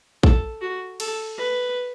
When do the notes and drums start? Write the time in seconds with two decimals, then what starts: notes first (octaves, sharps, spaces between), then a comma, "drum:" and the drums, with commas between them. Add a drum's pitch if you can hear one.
0.23 A4, drum: kick
0.61 F#4
1.00 A4, drum: cymbal
1.38 B4